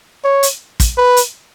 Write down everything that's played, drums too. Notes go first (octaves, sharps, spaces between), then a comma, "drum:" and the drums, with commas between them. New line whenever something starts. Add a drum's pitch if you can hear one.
C#5
drum: hi-hat
drum: kick, hi-hat
B4
drum: hi-hat